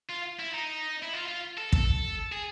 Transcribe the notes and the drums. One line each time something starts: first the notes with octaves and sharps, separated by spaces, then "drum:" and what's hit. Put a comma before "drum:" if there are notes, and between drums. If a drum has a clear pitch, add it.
F4
E4
D#4
E4
F4
F4
A4
A4, drum: kick
G#4